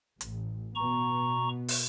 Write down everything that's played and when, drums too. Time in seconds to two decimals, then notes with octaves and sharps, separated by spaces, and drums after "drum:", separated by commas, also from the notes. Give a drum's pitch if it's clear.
0.21 A1, drum: hi-hat
0.75 B2 B3 A#5 C#6
1.68 drum: open hi-hat